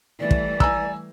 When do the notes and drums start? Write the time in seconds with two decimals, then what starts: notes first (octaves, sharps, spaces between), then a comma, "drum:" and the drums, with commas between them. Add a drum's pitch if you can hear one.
0.20 E3 G3 A3 D5
0.31 drum: kick
0.60 G#5 A#5 E6, drum: kick